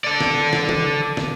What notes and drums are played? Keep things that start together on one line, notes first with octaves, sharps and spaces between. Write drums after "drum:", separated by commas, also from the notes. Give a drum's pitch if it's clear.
A4 D5
drum: snare
drum: snare
drum: tom
drum: snare